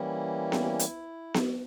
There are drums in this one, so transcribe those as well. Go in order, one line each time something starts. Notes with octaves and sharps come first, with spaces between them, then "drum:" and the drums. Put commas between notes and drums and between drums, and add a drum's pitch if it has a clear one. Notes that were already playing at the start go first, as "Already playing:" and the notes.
Already playing: E3 G3 A#3 C#4 E4
drum: snare B3
drum: hi-hat
drum: snare B3